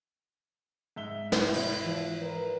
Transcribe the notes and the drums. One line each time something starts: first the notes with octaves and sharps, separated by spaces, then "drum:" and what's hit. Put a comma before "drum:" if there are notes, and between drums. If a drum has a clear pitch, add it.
G#2 E5 G7
E4, drum: snare
drum: cymbal
E3 F3
A#4 B4